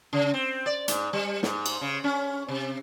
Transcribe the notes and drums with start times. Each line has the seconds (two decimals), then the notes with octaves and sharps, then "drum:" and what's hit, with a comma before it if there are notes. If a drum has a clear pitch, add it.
0.13 C#3
0.34 C4
0.66 D5
0.88 G#2, drum: hi-hat
1.13 G3
1.43 G#2, drum: snare
1.66 drum: cymbal
1.81 C#3
2.04 C#4
2.48 C3